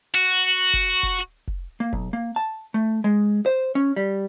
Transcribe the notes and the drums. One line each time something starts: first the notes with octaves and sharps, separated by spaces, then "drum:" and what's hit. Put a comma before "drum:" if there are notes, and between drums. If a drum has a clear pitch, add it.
F#4
drum: kick F1
drum: kick F1
drum: kick F1
A#3
B1, drum: kick F1
A#3
A5
A3
G#3
C5
C#4
G3